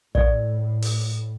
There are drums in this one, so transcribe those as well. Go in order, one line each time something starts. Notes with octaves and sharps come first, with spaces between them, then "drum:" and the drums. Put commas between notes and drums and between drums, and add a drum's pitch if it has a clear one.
A2 D5, drum: kick
drum: open hi-hat